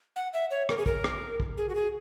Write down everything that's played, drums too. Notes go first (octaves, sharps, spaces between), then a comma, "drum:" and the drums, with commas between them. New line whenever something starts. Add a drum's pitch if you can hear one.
F#5
E5
C#5
A#4, drum: rim click
G#4
A#4, drum: kick
drum: rim click
drum: kick
G#4
F#4
G#4